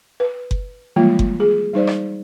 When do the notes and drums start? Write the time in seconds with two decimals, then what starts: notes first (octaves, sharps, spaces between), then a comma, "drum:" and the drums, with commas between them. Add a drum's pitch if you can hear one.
0.20 B4
0.51 drum: kick F#1
0.96 E3 F3 G3 G#3 A#3 F4
1.19 drum: kick F#1
1.40 G#4
1.74 G3 D#4 C5 D5
1.87 drum: rim click